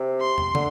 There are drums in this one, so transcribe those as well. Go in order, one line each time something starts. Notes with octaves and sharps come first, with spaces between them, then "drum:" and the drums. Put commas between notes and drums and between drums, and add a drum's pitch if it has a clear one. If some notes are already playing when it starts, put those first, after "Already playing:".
Already playing: C3
C6
drum: tom
D3, drum: tom